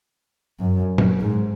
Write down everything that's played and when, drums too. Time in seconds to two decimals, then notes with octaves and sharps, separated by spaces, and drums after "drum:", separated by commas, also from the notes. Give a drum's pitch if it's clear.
0.61 F#2
0.98 drum: tom
1.20 G#2